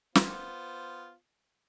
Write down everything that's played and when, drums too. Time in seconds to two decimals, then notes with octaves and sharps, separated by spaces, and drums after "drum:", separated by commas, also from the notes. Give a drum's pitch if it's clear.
0.15 B3 F4 C5, drum: snare